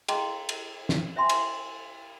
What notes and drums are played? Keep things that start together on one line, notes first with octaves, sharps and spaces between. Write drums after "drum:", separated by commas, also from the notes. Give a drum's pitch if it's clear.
G#4 D#5 G5 A#5 C6, drum: cymbal
drum: cymbal
drum: snare
C5 E5 G5 G#5 C6
drum: cymbal